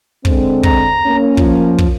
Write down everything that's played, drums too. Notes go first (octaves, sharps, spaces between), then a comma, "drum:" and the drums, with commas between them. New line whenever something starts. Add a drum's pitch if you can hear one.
D3 G#3 C4, drum: kick
A#5, drum: kick
A#3 C#4
F3, drum: kick
drum: kick